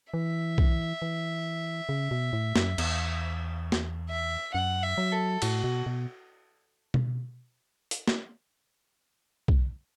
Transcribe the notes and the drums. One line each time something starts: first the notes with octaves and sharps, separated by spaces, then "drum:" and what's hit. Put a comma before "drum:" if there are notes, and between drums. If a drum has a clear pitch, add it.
E3 E5
drum: kick B1
E3
C#3
B2
A2
F#2, drum: snare
E2, drum: cymbal
drum: snare
E5
F#2 F#5
E5
F#3
A4
A2 F#4, drum: cymbal
B2
B2
drum: tom B2
drum: hi-hat
drum: snare
drum: kick B1